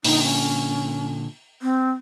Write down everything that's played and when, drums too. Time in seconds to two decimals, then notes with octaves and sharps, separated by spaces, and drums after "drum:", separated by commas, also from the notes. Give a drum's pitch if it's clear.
0.04 A#2 D3 D#4, drum: open hi-hat
0.23 C#4
1.62 C4